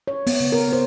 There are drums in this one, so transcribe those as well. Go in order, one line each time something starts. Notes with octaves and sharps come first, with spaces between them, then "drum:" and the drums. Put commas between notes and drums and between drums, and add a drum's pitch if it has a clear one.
C#5
B3, drum: open hi-hat
C#3
A#4
C5